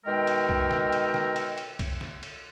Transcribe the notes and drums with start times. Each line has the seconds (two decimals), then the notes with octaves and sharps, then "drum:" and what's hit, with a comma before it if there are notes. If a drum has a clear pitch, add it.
0.06 B2 D#3 G#3 A#4 E5 G5
0.27 drum: cymbal
0.49 drum: kick C2
0.71 drum: snare
0.92 drum: cymbal
1.14 drum: snare
1.36 drum: cymbal
1.58 drum: cymbal
1.79 drum: kick C2, cymbal
2.01 drum: snare
2.23 drum: cymbal